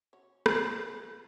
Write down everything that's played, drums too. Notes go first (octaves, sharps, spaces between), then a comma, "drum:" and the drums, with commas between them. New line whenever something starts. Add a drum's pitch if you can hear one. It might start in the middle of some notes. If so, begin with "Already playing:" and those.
C#4 F#4 C#5
drum: rim click
G3 D#4 G#4 F5 G#5
F4